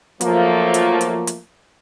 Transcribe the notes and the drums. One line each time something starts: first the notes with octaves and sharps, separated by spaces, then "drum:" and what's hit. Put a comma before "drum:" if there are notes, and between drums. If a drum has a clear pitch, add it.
F3 F#3 A3 A#3, drum: hi-hat
drum: hi-hat
drum: hi-hat
drum: hi-hat